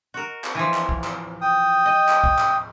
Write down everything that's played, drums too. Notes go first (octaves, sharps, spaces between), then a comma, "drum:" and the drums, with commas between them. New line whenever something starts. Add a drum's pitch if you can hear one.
F#4 A#4
drum: clap
E3 F3
drum: clap
drum: kick
drum: clap
G5 D#6
D#5
drum: clap
drum: kick
drum: clap